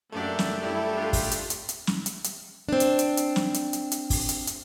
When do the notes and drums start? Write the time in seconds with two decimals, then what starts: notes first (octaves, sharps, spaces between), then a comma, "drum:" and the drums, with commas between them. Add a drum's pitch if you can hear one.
0.12 F#2 A3 A#3 D4 G4 A4 D5 E5
0.39 drum: snare
0.61 F#2 G3 E4
0.94 D4 F4
1.13 drum: kick, open hi-hat
1.32 drum: hi-hat
1.50 drum: hi-hat
1.69 drum: hi-hat
1.87 drum: snare
2.06 drum: hi-hat
2.24 drum: hi-hat
2.69 C4 D4
2.80 drum: hi-hat
2.99 drum: hi-hat
3.17 drum: hi-hat
3.36 drum: snare
3.54 drum: hi-hat
3.73 drum: hi-hat
3.92 drum: hi-hat
4.10 drum: kick, open hi-hat
4.29 drum: hi-hat
4.47 drum: hi-hat